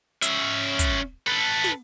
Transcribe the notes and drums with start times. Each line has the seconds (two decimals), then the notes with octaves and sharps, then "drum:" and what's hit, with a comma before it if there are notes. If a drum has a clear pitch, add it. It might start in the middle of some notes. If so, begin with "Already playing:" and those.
0.22 C#4 E5, drum: hi-hat
0.79 drum: kick, hi-hat
1.27 A4 B4
1.64 drum: snare